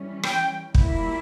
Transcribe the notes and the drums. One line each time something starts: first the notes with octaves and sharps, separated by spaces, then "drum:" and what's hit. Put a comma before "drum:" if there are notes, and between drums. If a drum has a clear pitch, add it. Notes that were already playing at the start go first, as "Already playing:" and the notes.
Already playing: E3 G3 C#4
G5, drum: rim click
A#2 G3 A#3 E4, drum: kick